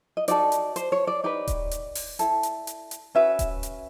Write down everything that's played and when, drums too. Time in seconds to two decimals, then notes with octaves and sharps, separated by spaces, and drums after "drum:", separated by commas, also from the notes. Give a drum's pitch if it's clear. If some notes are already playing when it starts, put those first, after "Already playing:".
0.17 D#5
0.28 D#4 F#4 A4 D5, drum: hi-hat
0.52 drum: hi-hat
0.76 C5, drum: hi-hat
0.92 C#5
1.07 D5
1.24 D#4 G4 B4 D5
1.47 drum: kick D#1, hi-hat
1.71 drum: hi-hat
1.95 drum: open hi-hat
2.19 E4 A4, drum: hi-hat
2.43 drum: hi-hat
2.67 drum: hi-hat
2.91 drum: hi-hat
3.15 C#4 F#4 B4 E5
3.39 drum: kick D#1, hi-hat
3.63 drum: hi-hat